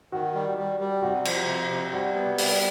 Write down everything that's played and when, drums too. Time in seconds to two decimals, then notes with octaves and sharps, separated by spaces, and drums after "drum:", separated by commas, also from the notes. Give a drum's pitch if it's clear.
0.12 D#3 F#4
0.35 G3
0.58 G3
0.80 G3
1.02 C3 F#4
1.25 F3, drum: cymbal
1.48 C3
1.70 C3
1.93 G3 F#4
2.15 B3
2.38 G3, drum: open hi-hat